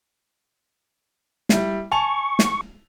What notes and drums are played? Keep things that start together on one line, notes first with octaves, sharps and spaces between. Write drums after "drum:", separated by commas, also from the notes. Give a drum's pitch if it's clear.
G3 E4, drum: snare
G#5 A5 C#6 F7
drum: snare